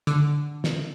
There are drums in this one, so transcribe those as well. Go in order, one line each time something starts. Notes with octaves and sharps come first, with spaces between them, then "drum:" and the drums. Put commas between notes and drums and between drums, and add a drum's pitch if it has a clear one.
D3, drum: hi-hat
drum: snare